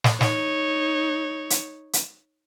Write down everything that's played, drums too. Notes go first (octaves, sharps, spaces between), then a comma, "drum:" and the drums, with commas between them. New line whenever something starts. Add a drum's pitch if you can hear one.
drum: snare
D#4 C#5, drum: snare
drum: hi-hat
drum: hi-hat